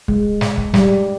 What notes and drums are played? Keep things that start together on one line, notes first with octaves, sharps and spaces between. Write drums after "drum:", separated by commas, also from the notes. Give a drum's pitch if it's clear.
G#3, drum: kick
drum: snare
drum: kick
G3, drum: snare